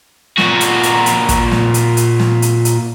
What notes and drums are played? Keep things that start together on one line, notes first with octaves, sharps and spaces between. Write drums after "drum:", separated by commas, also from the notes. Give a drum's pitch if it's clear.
A#2 F#4, drum: snare
drum: hi-hat
drum: hi-hat
drum: hi-hat
drum: kick, hi-hat
drum: snare
drum: hi-hat
drum: hi-hat
drum: snare
drum: hi-hat
drum: hi-hat